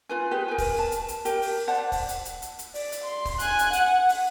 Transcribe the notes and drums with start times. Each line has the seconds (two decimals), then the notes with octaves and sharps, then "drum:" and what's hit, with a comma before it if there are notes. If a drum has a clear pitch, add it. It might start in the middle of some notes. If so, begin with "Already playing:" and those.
0.09 F4 B4 G#5
0.31 G4 G#4 B4
0.48 A#4 G#5
0.58 drum: kick, open hi-hat
0.79 A5
0.92 drum: hi-hat
1.08 drum: hi-hat
1.25 G4 A#4, drum: hi-hat
1.42 drum: open hi-hat
1.67 C5 D5 F#5 A5
1.92 drum: kick, open hi-hat
2.09 drum: hi-hat
2.25 drum: hi-hat
2.42 drum: hi-hat
2.59 drum: hi-hat
2.74 D5, drum: open hi-hat
2.92 drum: hi-hat
3.04 C6
3.25 drum: kick, open hi-hat
3.39 G#5 F#6, drum: hi-hat
3.59 drum: hi-hat
3.73 F#5, drum: hi-hat
4.09 drum: open hi-hat